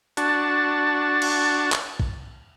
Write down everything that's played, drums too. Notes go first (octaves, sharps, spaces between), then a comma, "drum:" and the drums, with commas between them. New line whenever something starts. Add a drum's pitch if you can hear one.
D4 F#4 A5, drum: hi-hat
drum: cymbal
drum: clap
drum: kick